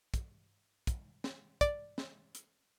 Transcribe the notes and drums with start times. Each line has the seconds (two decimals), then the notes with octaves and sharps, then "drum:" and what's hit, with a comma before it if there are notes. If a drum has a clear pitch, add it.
0.14 drum: kick, hi-hat
0.87 drum: kick, hi-hat
1.24 drum: snare
1.61 D5, drum: kick, hi-hat
1.98 drum: snare
2.35 drum: hi-hat